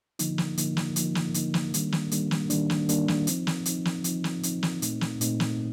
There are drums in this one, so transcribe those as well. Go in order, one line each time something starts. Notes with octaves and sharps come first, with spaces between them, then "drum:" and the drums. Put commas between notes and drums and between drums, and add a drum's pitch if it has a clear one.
D3 F3 A#3 D#4, drum: hi-hat
drum: snare
D3 F3 A#3 D#4, drum: hi-hat
drum: snare
D3 F3 A#3 D#4, drum: hi-hat
drum: snare
D3 F3 A#3 D#4, drum: hi-hat
drum: snare
D#3 G3 A#3 D4, drum: hi-hat
drum: snare
D#3 G3 A#3 D4, drum: hi-hat
drum: snare
D#3 G3 A#3 D4, drum: hi-hat
drum: snare
D#3 G3 A#3 D4, drum: hi-hat
drum: snare
F3 C4 D#4, drum: hi-hat
drum: snare
F3 C4 D#4, drum: hi-hat
drum: snare
F3 C4 D#4, drum: hi-hat
drum: snare
F3 C4 D#4, drum: hi-hat
drum: snare
A#2 A3 C4 D#4, drum: hi-hat
drum: snare
A#2 A3 C4 D#4, drum: hi-hat
drum: snare